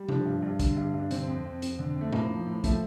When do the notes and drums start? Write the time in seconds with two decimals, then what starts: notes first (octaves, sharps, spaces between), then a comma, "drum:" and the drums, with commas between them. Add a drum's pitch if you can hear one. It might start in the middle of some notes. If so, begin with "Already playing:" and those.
Already playing: G3
0.09 F3 D4, drum: tom C3
0.26 G2
0.42 G2
0.59 D3, drum: kick, hi-hat
0.77 G2
0.94 G2
1.00 D4
1.11 D3 C4, drum: hi-hat
1.27 F2
1.45 F2
1.62 F2, drum: hi-hat
1.79 D3
1.96 F2
2.01 A3
2.13 A2 A#3, drum: tom A2
2.30 F3
2.46 A2
2.64 F3 A3, drum: kick, hi-hat